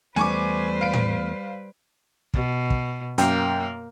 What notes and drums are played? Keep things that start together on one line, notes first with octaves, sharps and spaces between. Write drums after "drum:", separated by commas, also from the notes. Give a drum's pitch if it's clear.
E2 G3 A3 B4 C5 G#5 C#6 D6, drum: snare
F5 D7
drum: tom A2
B2, drum: kick
drum: kick
F#2 A#3 G5, drum: hi-hat